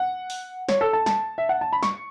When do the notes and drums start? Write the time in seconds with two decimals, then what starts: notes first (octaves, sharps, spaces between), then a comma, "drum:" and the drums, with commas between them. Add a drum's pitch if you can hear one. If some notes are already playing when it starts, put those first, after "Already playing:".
Already playing: F#5
0.30 drum: open hi-hat
0.69 C#5, drum: snare
0.81 A4
0.93 A5
1.06 A5, drum: snare
1.38 E5
1.49 F#5
1.61 A5
1.73 B5
1.83 C#6, drum: snare